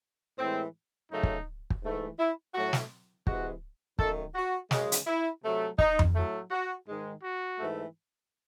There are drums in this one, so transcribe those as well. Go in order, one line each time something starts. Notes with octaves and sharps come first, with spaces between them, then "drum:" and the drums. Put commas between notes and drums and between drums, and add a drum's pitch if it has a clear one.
A2 E3 G#3 C4
F#2 C#3 F#3 A3 D#4
drum: kick
drum: kick
G#2 E3 A3
E4
A2 F#3 A3 F#4
drum: snare
C3 E3 G#3 F#4, drum: kick
F#2 D#3 A3 A4, drum: kick
F#4
F#2 C#3 G#3, drum: snare
drum: hi-hat
E4
C3 F#3 A3
D#4, drum: kick
drum: tom F2
A2 F#3 A3
F#4
G#2 D#3 G#3
F#4
G#2 E3 A3